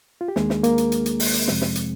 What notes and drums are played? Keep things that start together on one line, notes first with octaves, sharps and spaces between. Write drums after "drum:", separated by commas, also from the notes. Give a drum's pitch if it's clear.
F4
G4
D#2 D#3 G#3 A#3 D4 G#4, drum: snare
drum: snare
A#3 A#4, drum: hi-hat
drum: hi-hat
drum: hi-hat
drum: hi-hat
drum: open hi-hat
drum: hi-hat
F2 C3 F3 G#3 C4, drum: snare
drum: snare
drum: hi-hat